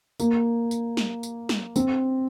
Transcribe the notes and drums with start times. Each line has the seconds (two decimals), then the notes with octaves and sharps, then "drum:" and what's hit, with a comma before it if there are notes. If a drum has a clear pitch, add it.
0.20 A#3, drum: tambourine
0.71 drum: tambourine
0.97 drum: snare
1.23 drum: tambourine
1.49 drum: snare
1.76 C4, drum: tambourine